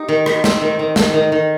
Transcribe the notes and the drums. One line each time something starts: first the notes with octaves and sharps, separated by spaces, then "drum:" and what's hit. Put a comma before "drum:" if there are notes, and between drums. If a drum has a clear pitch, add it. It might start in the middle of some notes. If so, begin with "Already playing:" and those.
Already playing: D#4 G4
D#3
D#3, drum: rim click
C4, drum: snare
D#3
D#3
D#3, drum: snare
D#3
D#3